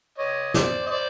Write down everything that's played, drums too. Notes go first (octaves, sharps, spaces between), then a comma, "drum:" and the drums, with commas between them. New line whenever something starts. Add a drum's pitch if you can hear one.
C#5 D#5
C5 D5, drum: snare
D#5
C5 D5